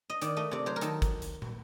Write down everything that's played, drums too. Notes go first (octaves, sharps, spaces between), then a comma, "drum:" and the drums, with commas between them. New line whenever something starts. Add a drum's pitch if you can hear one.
D#5
D#3 D5, drum: hi-hat
A3 D#5
C3 D5
F#3 C5
A#4
D#3 A4, drum: hi-hat
drum: kick, hi-hat
drum: hi-hat
drum: tom